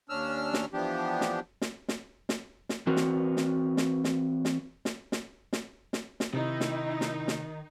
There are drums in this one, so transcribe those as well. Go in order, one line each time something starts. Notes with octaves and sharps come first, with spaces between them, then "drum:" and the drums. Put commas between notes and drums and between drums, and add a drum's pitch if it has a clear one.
D#2 C#4 D4 E6 F6
drum: snare
E3 F3 B3 D4 G4
drum: snare
drum: snare
drum: snare
drum: snare
drum: snare
E3 C4 F#4 A#4 B4
drum: snare
drum: snare
drum: snare
drum: snare
drum: snare
drum: snare
drum: snare
drum: snare
drum: snare
drum: snare
C3 D#3 D#4 E4
drum: snare
drum: snare
drum: snare